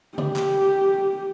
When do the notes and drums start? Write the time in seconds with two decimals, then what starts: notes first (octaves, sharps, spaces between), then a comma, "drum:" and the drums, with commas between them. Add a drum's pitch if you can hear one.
0.18 G4, drum: tom C#3
0.36 drum: clap